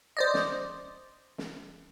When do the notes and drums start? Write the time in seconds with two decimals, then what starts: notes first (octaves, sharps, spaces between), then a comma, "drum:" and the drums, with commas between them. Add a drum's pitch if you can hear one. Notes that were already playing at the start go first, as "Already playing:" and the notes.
0.17 C5 D5 D#5
0.34 drum: snare
1.38 drum: snare